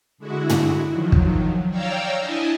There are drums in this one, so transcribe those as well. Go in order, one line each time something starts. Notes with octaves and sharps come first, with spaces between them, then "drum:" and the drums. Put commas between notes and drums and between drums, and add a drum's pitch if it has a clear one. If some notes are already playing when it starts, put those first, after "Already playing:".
D3 G#3 E4 F#4
drum: tom
D#3 F3 F#3
drum: kick
C#5 D5 F5 G5 A#5 E6
D4 E4 D#5 G#5 A5